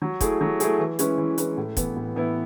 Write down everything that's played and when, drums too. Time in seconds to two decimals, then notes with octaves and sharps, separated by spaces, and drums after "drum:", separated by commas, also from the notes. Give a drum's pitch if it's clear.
0.02 F#3
0.21 A3 E4 G#4, drum: kick, hi-hat
0.41 F#3
0.60 A3 E4 G#4, drum: hi-hat
0.79 E3
0.99 G#3 C#4 E4 B4, drum: hi-hat
1.18 E3
1.38 G#3 C#4 E4 B4, drum: hi-hat
1.57 A2
1.77 E3 B3 E4, drum: kick, hi-hat
1.97 A2
2.15 E3 B3 E4